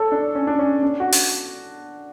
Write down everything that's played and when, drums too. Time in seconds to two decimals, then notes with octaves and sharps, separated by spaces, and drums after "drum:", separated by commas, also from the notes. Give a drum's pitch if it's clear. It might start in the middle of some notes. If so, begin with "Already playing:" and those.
Already playing: A4 C#5
0.12 D4
0.35 C#4
0.47 D4
0.59 C#4
0.83 D4
1.00 F#4
1.12 drum: open hi-hat